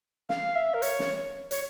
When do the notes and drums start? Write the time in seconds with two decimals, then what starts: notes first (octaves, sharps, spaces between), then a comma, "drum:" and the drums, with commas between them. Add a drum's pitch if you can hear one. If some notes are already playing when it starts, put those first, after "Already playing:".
0.29 F5, drum: snare
0.55 E5
0.74 A#4
0.82 C#5, drum: hi-hat
0.99 drum: snare
1.51 C#5, drum: hi-hat